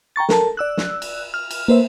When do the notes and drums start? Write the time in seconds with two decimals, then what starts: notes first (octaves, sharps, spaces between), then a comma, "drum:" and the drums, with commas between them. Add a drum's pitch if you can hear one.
0.16 G5 A#5 C#6 A6
0.29 A4 A#4 A5, drum: snare
0.57 D5 E6 F#6
0.77 drum: snare
1.02 drum: cymbal
1.34 F6
1.51 drum: cymbal
1.68 A#3 B4 C5 E5